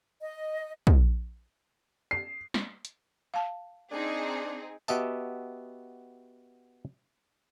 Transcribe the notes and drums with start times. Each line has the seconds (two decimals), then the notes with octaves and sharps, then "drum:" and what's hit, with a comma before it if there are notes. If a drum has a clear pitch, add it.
0.21 D#5
0.87 drum: kick
2.11 C7
2.54 drum: snare
2.85 drum: hi-hat
3.34 F5 A5
3.91 C4 D4 D#4 G#4
4.88 B3 F#4 G4 D#5 E5 A5, drum: tambourine